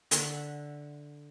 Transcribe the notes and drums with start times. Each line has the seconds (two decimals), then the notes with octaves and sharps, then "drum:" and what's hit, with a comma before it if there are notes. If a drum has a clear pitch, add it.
0.11 D3 E5 F#5, drum: hi-hat